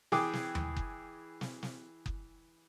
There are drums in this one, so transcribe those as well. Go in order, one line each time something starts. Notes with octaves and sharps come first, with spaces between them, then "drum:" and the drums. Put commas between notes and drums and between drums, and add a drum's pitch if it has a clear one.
E3 G#4 G5 D6 D#6, drum: snare
drum: snare
drum: tom D#2
drum: kick F#1
drum: snare
drum: snare
drum: kick F#1